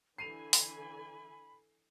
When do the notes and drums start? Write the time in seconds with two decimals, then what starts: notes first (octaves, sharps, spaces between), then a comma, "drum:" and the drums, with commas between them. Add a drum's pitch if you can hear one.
0.18 D3 E3 G#5 B5 C7 D#7 F7
0.53 drum: open hi-hat